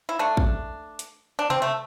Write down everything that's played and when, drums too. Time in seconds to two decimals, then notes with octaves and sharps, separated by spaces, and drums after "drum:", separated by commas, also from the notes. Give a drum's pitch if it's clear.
0.09 E4
0.19 A3 D4
0.37 drum: kick
0.99 drum: hi-hat
1.39 D4
1.50 C4, drum: tom C3
1.62 A3